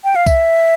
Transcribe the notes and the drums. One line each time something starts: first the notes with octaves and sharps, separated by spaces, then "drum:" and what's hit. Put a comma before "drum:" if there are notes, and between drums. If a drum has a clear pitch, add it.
G5
F5
E5, drum: kick C2, tambourine